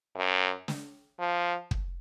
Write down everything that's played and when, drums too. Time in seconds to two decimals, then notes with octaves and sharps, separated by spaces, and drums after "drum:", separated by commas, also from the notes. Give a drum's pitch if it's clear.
0.16 F#2
0.68 drum: snare
1.20 F3
1.71 drum: kick